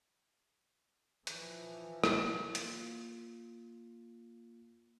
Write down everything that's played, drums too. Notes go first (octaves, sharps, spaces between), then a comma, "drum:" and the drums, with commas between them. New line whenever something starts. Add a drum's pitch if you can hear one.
E3 F3, drum: hi-hat
drum: rim click
A#3 F4, drum: hi-hat